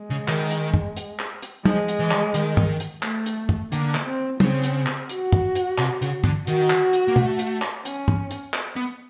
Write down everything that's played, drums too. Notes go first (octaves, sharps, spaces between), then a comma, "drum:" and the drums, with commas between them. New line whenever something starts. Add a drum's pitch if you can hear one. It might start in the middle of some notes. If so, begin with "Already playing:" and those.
Already playing: G#3
C#3
D#3, drum: clap
drum: hi-hat
drum: tom
drum: hi-hat
drum: clap
drum: hi-hat
F3 G#3, drum: tom
drum: hi-hat
E3
drum: clap
D#3, drum: hi-hat
drum: tom
drum: hi-hat
A3, drum: clap
drum: hi-hat
drum: tom
D3 A#3, drum: hi-hat
drum: clap
C4
C#3 C4, drum: tom
drum: hi-hat
drum: clap
F#4, drum: hi-hat
drum: tom
drum: hi-hat
C3, drum: clap
C#3, drum: hi-hat
D3, drum: tom
D#3 F#4, drum: hi-hat
drum: clap
drum: hi-hat
A#3
A3, drum: tom
drum: hi-hat
drum: clap
C#4, drum: hi-hat
drum: tom
drum: hi-hat
drum: clap
B3